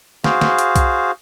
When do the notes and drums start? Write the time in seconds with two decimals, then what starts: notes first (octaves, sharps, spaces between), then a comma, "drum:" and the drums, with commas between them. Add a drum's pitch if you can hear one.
0.24 F#4 G#4 C5 F5, drum: snare
0.41 drum: snare
0.59 drum: hi-hat
0.76 drum: kick B1, hi-hat